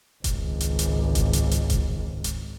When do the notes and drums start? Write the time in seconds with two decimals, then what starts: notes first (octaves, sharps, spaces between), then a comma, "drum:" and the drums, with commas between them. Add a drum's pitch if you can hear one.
0.24 G#1 C#2, drum: kick E1, hi-hat
0.60 drum: hi-hat
0.79 drum: hi-hat
1.15 drum: kick E1, hi-hat
1.33 drum: hi-hat
1.51 drum: hi-hat
1.70 drum: kick E1, hi-hat
2.24 drum: hi-hat